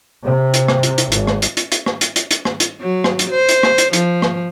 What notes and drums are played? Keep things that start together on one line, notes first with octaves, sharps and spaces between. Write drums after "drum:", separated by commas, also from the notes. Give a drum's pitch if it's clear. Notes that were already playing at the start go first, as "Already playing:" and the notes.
C3
drum: hi-hat
drum: rim click
drum: hi-hat
drum: hi-hat
G#1, drum: hi-hat
drum: rim click
drum: hi-hat
drum: hi-hat
drum: hi-hat
drum: rim click
drum: hi-hat
drum: hi-hat
drum: hi-hat
drum: rim click
drum: hi-hat
F#3
drum: rim click
drum: hi-hat
C5
drum: hi-hat
drum: rim click
drum: hi-hat
F3, drum: hi-hat
drum: rim click